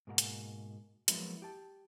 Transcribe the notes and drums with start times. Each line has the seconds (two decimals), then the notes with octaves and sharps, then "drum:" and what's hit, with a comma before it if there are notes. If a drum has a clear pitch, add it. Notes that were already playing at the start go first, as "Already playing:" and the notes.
0.07 G#2 B2 A#3 F#4 F#5 A#5
0.18 drum: hi-hat
1.08 F3 F#3 G#3 A#3 B3 E4, drum: hi-hat
1.42 G4 A5